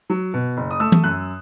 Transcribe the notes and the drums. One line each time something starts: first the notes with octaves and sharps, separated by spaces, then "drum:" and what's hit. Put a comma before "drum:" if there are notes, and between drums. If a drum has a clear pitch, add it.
F#3
B2
F#1
D#6
A3 E6
drum: tom E3
F#2 F#6